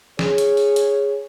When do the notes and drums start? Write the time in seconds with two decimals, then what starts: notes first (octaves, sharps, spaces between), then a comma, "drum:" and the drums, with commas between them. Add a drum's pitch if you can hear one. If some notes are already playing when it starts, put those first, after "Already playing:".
0.19 G#4 C#5, drum: snare
0.38 drum: hi-hat
0.57 drum: open hi-hat
0.76 drum: hi-hat